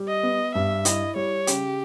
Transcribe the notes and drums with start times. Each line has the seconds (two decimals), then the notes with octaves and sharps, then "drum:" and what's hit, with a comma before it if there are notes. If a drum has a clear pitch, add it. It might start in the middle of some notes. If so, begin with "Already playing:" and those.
Already playing: G3
0.08 D#5
0.23 B3
0.55 G2 E5
0.85 E4 D#5, drum: hi-hat
1.16 G3 C#5
1.47 C#3 G4, drum: hi-hat